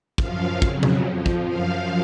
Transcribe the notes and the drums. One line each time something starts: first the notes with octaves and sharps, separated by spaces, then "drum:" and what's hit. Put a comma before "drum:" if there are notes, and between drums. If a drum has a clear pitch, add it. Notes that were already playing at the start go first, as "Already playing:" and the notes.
F#2 F3 F5, drum: kick
F2 C#3 F#3, drum: kick
drum: tom B2
F2 F3
drum: kick
F#2 F3 F5